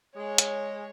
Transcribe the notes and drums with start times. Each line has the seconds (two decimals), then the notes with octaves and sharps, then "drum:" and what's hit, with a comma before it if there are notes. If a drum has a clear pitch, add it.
0.16 G#3 C#5
0.38 drum: hi-hat